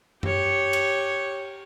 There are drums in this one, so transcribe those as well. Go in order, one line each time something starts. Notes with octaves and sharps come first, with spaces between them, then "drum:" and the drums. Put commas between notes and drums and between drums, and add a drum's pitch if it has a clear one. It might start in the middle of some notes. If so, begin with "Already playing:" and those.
G4 C#5, drum: tom F#2
drum: cymbal